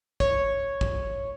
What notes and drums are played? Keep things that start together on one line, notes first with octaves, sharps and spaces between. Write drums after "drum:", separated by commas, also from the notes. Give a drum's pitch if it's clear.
C#5, drum: kick
drum: kick